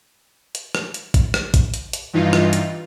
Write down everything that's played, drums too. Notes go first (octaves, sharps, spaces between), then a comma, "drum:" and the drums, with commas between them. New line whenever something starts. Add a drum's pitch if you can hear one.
drum: hi-hat
drum: rim click
drum: hi-hat
drum: kick A#1, hi-hat
drum: rim click
drum: kick A#1, hi-hat
drum: hi-hat
drum: hi-hat
G2 E3 D#4 F4
drum: rim click
drum: hi-hat